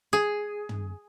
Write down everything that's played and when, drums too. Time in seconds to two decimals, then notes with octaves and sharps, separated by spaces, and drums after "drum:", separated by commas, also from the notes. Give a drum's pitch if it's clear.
0.13 G#4
0.69 drum: tom